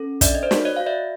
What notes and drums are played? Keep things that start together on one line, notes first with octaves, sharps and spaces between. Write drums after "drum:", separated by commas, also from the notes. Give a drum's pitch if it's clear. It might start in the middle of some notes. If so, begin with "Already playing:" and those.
Already playing: C#4 A4
D4 D5 E5, drum: kick, hi-hat
D#5
C5 D5
F#4, drum: snare
C#5 D#5
F#4 F5
D5 E5